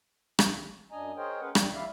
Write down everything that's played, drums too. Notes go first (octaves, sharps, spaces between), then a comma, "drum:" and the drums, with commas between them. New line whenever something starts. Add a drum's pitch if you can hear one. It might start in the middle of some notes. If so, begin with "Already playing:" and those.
drum: rim click
F#2 D4 D#5 G#5 A#5
G#4 A#4 C5 C#5 D#5 G5
C#4 G#4 A#4 B4 F#5
G3, drum: rim click
E4 D5 E5 F5